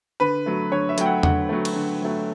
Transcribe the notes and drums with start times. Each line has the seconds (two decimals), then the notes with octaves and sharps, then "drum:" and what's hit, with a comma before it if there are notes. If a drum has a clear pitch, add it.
0.20 D3 B4
0.46 F#3 A3
0.72 D3 C#5
0.89 E5
0.98 F#3 A3 G5, drum: hi-hat
1.06 F#5
1.23 D3 F#5, drum: tom E2
1.49 F#3 A3
1.65 drum: cymbal
1.75 D3
2.02 F#3 A3